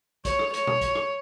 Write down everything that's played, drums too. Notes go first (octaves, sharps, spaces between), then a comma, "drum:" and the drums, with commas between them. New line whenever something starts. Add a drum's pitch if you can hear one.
C#5, drum: kick, hi-hat
drum: rim click
C#5, drum: hi-hat
drum: tom B2
drum: kick, hi-hat
drum: rim click